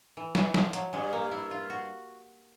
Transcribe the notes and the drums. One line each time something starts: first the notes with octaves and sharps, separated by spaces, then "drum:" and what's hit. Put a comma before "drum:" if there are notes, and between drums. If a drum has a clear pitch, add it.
E3
E3, drum: snare
F3, drum: snare
F#3, drum: hi-hat
G2 G#3
A#3
E4
F4
F#4